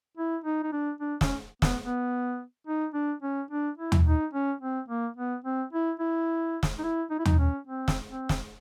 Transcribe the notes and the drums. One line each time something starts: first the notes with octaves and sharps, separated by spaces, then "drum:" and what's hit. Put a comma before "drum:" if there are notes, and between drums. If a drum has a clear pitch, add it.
E4
D#4
D#4
D4
D4
C#4, drum: snare
B3, drum: snare
B3
D#4
D4
C#4
D4
E4
drum: tom
D#4
C#4
C4
A#3
B3
C4
E4
E4
drum: snare
D#4
E4
D#4
E4
D#4, drum: tom
C#4
C4
drum: snare
C4
drum: snare